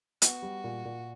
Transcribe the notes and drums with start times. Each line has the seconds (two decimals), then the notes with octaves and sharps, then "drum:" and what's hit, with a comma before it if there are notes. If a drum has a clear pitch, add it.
0.22 B3 F#4, drum: hi-hat
0.42 G3
0.64 A#2
0.85 A#2